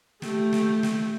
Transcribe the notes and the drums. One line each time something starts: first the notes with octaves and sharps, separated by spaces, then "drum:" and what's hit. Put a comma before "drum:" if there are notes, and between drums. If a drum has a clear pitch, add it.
A3 G4, drum: snare
drum: snare
drum: snare